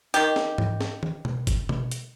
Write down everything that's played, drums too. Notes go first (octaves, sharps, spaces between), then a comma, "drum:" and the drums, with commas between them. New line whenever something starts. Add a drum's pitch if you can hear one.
D#3 G4, drum: hi-hat
drum: snare
drum: tom
drum: snare
drum: tom
drum: tom B2
drum: kick G1, hi-hat
drum: tom B2
drum: hi-hat